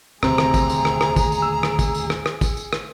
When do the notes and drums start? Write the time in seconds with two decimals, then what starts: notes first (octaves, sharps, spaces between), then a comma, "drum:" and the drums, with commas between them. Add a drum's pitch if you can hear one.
0.23 D#1 D2 C3 C4 G#4 A#5, drum: rim click
0.38 drum: rim click
0.54 drum: kick, tambourine
0.70 drum: tambourine
0.85 drum: rim click
1.01 drum: rim click
1.16 drum: kick, tambourine
1.32 drum: tambourine
1.42 E6
1.63 drum: rim click
1.79 drum: kick, tambourine
1.94 drum: tambourine
2.10 drum: rim click
2.26 drum: rim click
2.41 drum: kick, tambourine
2.57 drum: tambourine
2.73 drum: rim click